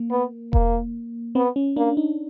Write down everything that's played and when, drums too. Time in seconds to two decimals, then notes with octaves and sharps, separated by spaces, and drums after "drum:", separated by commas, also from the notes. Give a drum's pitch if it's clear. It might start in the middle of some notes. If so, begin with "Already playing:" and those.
Already playing: A#3
0.11 B3
0.53 A#3, drum: kick E1
1.35 B3 C4
1.56 C#4
1.77 A#3 D4
1.97 D#4